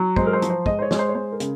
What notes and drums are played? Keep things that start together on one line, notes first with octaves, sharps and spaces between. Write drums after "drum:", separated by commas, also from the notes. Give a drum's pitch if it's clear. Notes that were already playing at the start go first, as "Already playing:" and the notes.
Already playing: F#3
G#3 C5, drum: kick
A#4
C5
F3, drum: hi-hat
C5
G#3 D#5, drum: kick
C5
C#5
G#3, drum: snare
C5
C#5
G#3 C5
A#4
C#3, drum: hi-hat